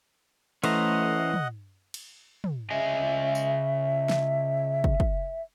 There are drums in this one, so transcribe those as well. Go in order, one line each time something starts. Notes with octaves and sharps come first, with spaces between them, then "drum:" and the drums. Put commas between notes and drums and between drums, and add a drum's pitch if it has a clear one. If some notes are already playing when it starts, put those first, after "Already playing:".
E3 A3 C#4 C5 D#5 F#5 A#5, drum: cymbal
drum: tom
drum: cymbal
drum: tom
C#3 D#5 E5 G#5
drum: tambourine
drum: snare
drum: kick
drum: kick